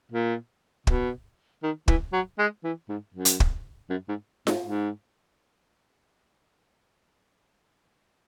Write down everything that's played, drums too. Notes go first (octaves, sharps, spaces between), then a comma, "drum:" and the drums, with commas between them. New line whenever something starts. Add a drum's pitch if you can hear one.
A#2
B2, drum: kick
D#3
E3, drum: kick
F#3
G#3
E3
G#2
F#2
drum: hi-hat
drum: kick
F#2
G#2
G#2, drum: snare F4
G#2